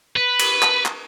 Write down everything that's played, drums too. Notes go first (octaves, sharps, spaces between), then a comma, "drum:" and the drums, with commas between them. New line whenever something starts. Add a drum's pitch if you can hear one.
B4
drum: cymbal
drum: clap
drum: clap